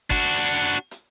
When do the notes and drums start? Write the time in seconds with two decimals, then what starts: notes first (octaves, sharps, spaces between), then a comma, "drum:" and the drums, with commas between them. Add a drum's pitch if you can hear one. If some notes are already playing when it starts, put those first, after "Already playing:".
0.10 D4 F#4, drum: kick G1
0.37 drum: hi-hat
0.91 drum: hi-hat